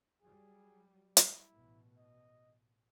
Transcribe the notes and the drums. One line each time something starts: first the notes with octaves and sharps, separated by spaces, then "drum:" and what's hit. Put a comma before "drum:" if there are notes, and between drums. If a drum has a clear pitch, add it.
F#3 G3 G#4
E4, drum: hi-hat
A1 B2
D#5